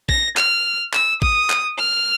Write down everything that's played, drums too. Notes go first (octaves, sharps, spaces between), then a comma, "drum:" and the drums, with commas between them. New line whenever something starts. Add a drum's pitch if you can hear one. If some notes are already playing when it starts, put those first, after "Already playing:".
A#6, drum: kick
F6, drum: clap
E6, drum: clap
D#6, drum: kick
drum: clap
F6